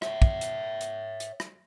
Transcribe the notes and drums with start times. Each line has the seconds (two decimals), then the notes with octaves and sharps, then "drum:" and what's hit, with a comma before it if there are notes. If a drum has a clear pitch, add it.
0.02 C#5 E5, drum: rim click
0.22 drum: kick
0.41 drum: hi-hat
0.81 drum: hi-hat
1.20 drum: hi-hat
1.40 drum: rim click